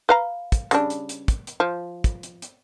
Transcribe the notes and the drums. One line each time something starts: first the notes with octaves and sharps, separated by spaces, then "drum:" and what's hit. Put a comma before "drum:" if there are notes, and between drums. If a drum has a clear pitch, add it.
B4 F5 A#5
drum: kick, hi-hat
C#3 G3 D4, drum: hi-hat
drum: hi-hat
drum: hi-hat
drum: kick, hi-hat
drum: hi-hat
F3
drum: kick, hi-hat
drum: hi-hat
drum: hi-hat